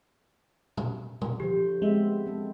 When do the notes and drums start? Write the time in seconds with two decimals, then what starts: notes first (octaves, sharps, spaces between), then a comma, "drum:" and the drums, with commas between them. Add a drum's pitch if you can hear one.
0.77 drum: tom A#2
1.21 drum: tom A#2
1.40 D3 F3 G4 C5
1.82 G#3 B3 C4 E5
2.26 G#3 C4 A4